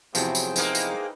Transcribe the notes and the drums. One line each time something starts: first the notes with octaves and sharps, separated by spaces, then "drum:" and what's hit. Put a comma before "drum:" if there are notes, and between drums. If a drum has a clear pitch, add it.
E2 C3 F3 F#3 E4 G#4 C5 G5, drum: tambourine
drum: tambourine
G#3 A#3 D#4 E4 B4, drum: tambourine
drum: tambourine